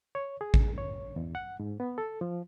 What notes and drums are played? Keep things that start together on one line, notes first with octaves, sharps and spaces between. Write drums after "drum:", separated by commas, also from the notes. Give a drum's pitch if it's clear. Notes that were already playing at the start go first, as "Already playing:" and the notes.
C#5
G#4
drum: kick A1
C#5
E2
F#5
G#2
B3
A4
F3